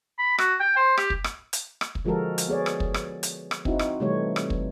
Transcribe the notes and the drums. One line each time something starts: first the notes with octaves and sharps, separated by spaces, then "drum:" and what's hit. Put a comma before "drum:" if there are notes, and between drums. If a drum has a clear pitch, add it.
B5
F#4, drum: rim click
G5
C5
G4, drum: rim click
drum: kick
drum: rim click
drum: hi-hat
drum: rim click
drum: kick
D3 F3 G#3 F#4 A4 A#4
drum: hi-hat
B3 G#4 C#5 D5
drum: rim click
drum: kick
drum: rim click
drum: hi-hat
drum: rim click
C4 D#4 E4 F#4, drum: kick
drum: rim click
C3 E3 G3 A3 C#5
drum: rim click
drum: kick